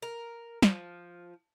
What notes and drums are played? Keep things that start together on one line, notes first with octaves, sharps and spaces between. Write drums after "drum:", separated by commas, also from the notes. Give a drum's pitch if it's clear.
A#4
F3, drum: snare